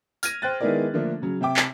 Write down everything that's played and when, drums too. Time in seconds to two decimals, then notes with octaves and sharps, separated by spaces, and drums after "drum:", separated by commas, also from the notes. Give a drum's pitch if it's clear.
0.23 F6 G#6 A#6 D#7, drum: tambourine
0.42 C5 G5 F#6 A6
0.61 D#3 G#3 B3 E4 A#4 D5
0.94 D3 F3 A3 A#3 D4
1.22 C#3 F#3
1.41 C3 E5 G5 D6
1.56 drum: clap